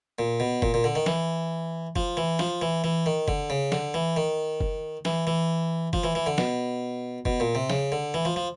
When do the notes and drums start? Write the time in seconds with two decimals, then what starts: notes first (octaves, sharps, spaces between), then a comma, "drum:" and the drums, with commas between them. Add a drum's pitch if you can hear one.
0.19 A#2
0.40 B2
0.62 A#2, drum: kick F#1
0.74 A#2
0.84 D3
0.96 D#3
1.06 E3, drum: snare
1.96 F3, drum: kick F#1
2.17 E3
2.39 F3, drum: snare
2.62 E3
2.84 E3
3.06 D#3
3.28 D3, drum: kick F#1
3.50 C#3
3.72 D3, drum: snare
3.94 E3
4.17 D#3
4.60 drum: kick F#1
5.05 E3, drum: snare
5.27 E3
5.93 F3, drum: kick F#1
6.04 E3
6.15 E3
6.26 D3
6.38 B2, drum: snare
7.25 B2, drum: kick F#1
7.40 A#2
7.55 C3
7.70 C#3, drum: snare
7.92 D3
8.14 E3
8.25 F3
8.36 F3